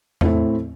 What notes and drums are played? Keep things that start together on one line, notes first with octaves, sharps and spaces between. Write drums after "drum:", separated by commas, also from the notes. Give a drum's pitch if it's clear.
A2 A3 C4 E4, drum: tom E2